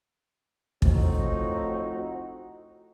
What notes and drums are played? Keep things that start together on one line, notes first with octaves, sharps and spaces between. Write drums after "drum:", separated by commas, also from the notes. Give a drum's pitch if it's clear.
A2 F3 C4 D#4 F#4, drum: kick